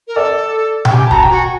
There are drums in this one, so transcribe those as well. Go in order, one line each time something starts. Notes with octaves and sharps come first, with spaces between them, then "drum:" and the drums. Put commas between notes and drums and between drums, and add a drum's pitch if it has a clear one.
A#4
A4 D5
G5, drum: tom B2
G4 G#5
A5
F#4 A#5, drum: kick D#1
G5
F#4 G#5